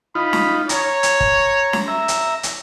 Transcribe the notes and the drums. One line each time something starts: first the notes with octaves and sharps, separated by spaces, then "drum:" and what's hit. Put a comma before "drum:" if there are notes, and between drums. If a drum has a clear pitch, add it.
D#4 F4 B5
drum: snare
C#5 A#5, drum: hi-hat
drum: hi-hat
drum: kick G1
drum: snare
E5 A#5
drum: hi-hat
drum: hi-hat